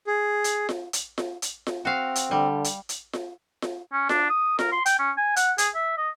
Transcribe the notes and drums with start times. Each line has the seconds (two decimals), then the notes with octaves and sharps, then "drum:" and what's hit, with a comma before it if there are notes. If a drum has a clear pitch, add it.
0.07 G#4
0.44 drum: hi-hat
0.69 drum: snare F4
0.93 drum: hi-hat
1.18 drum: snare F4
1.42 drum: hi-hat
1.67 drum: snare F4
1.85 C4 F#4 F5
2.15 drum: hi-hat
2.31 D3 G3
2.64 drum: hi-hat
2.89 drum: hi-hat
3.13 drum: snare F4
3.62 drum: snare F4
3.93 C#4
4.09 D4, drum: snare F4
4.30 D#6
4.59 A#4, drum: snare F4
4.72 C6
4.86 G5, drum: hi-hat
4.99 C#4
5.17 G#5
5.36 F#5, drum: hi-hat
5.58 G#4, drum: hi-hat
5.75 E5
5.98 D#5